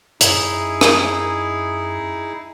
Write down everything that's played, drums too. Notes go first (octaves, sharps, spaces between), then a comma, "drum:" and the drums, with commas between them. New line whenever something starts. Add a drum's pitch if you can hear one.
F#2 D#4 E4 G#4, drum: hi-hat
drum: rim click